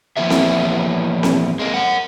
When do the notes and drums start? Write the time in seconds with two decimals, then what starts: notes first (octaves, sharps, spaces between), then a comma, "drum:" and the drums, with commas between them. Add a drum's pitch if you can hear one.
0.17 E3 F3 A#3 B3 G4 E5
0.30 drum: snare C4
1.23 drum: snare C4
1.59 G#3 A#3
1.74 A#4 F#5